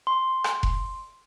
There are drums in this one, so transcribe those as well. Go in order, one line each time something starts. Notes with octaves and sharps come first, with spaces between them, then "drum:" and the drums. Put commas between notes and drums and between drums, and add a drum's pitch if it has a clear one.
C6
drum: rim click
drum: kick F1